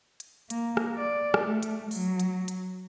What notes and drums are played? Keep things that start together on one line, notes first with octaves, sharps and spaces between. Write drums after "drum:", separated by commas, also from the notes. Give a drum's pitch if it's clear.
drum: hi-hat
A#3, drum: hi-hat
drum: rim click
D5
drum: rim click
A3
drum: hi-hat
F#3, drum: open hi-hat
drum: hi-hat
drum: hi-hat